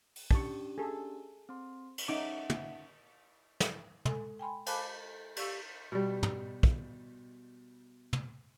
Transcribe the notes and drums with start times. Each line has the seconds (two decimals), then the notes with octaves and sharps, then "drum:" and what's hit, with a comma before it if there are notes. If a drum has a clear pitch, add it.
0.16 drum: open hi-hat
0.31 C#4 D4 G4 A5 C#6, drum: kick
0.78 G#4 A4
1.49 C4 C6
1.98 drum: cymbal
2.08 C#4 D#4 E5 F#5 A5 D6
2.50 drum: tom
3.60 drum: snare
4.05 G#3 A4 G#5, drum: tom
4.39 G5 G#5 B5 C6
4.66 F5 G#5 A5 B5 D6 F#6, drum: cymbal
5.36 G4 D5 F5 C#6 E6, drum: cymbal
5.92 B2 G3
6.23 drum: tom
6.63 drum: kick
8.13 drum: tom